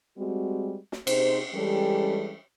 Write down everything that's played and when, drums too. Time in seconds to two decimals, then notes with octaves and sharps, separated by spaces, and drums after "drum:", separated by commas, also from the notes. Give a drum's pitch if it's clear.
0.18 G3 G#3 C4 F#4
0.92 drum: snare
1.07 C3 D#4 G#4 C5, drum: cymbal
1.54 E3 G3 G#3 C#4 G4 A4